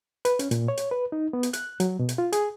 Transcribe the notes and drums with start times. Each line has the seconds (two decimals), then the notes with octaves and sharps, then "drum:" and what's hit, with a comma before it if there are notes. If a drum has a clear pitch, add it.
0.25 B4, drum: hi-hat
0.39 C#4, drum: hi-hat
0.51 A#2, drum: hi-hat
0.68 C#5
0.77 drum: hi-hat
0.91 B4
1.12 D#4
1.33 B3
1.43 drum: hi-hat
1.53 F#6, drum: hi-hat
1.80 F#3, drum: hi-hat
1.99 B2
2.09 drum: hi-hat
2.18 F4
2.33 G#4, drum: hi-hat